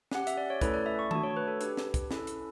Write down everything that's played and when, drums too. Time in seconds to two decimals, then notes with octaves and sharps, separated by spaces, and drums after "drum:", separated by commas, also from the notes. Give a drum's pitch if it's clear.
0.11 C#4 G4 F#5, drum: snare
0.27 E5, drum: hi-hat
0.38 D5
0.50 C#5
0.61 A3 C#4 E4 A4 B4, drum: kick, hi-hat
0.74 D5
0.86 E5
0.99 C#6
1.11 A3 D4 F#4 A5, drum: tom D#3
1.24 C#5
1.36 B4
1.48 A4
1.61 D4 G4 B4, drum: hi-hat
1.77 drum: snare
1.94 drum: kick, hi-hat
2.11 C#4 E4 A4, drum: snare
2.27 drum: hi-hat